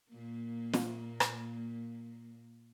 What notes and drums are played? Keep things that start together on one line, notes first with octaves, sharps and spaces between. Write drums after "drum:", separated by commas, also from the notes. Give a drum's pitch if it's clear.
A#2 A#3
drum: snare
drum: rim click